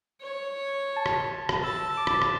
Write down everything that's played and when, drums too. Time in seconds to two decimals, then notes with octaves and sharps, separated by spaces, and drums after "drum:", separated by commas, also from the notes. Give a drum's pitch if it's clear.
0.21 C#5
0.96 A5
1.06 drum: rim click
1.49 drum: rim click
1.64 A5 E6
1.97 D6
2.07 drum: rim click
2.22 drum: rim click